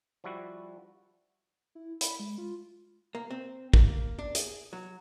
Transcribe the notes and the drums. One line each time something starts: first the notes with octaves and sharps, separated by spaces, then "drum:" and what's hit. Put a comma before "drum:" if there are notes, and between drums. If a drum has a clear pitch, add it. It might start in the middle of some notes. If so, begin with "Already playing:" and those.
F3 G3 E4 F#4
E4
B5, drum: hi-hat
G#3
F4
A#3
C4
A#3, drum: kick
D4
G#4, drum: hi-hat
F#3